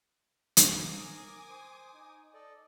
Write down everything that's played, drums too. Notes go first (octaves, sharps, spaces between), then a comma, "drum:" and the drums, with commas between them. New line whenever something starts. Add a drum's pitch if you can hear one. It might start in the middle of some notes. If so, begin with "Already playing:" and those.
drum: hi-hat
A#4 G#5 D6 D#6
C5
D#4
A4 D5 D#5